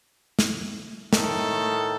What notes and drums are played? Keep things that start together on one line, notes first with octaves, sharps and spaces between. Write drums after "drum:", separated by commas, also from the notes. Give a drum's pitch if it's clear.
drum: snare
A2 D#3 A4, drum: snare